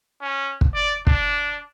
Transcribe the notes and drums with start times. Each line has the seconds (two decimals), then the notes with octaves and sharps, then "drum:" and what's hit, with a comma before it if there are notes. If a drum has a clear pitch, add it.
0.22 C#4
0.61 drum: kick
0.75 D5
1.07 D4, drum: kick